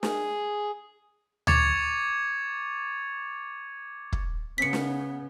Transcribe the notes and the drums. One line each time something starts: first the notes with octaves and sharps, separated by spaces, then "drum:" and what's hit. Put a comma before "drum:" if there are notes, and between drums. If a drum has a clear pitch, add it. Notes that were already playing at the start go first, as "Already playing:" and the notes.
G#4, drum: snare
C#6 D6 G#6 A6 C#7 F7, drum: tom D2
drum: kick
C#3 B3 B6 C#7
drum: snare